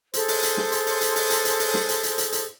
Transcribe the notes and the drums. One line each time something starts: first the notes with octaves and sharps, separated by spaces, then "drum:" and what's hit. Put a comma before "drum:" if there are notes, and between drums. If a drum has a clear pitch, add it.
G#4 A4 C5 C6, drum: hi-hat
drum: open hi-hat
drum: hi-hat
drum: snare
drum: hi-hat
drum: open hi-hat
drum: hi-hat
drum: open hi-hat
drum: hi-hat
drum: hi-hat
drum: open hi-hat
drum: snare
drum: hi-hat
drum: hi-hat
drum: hi-hat
drum: hi-hat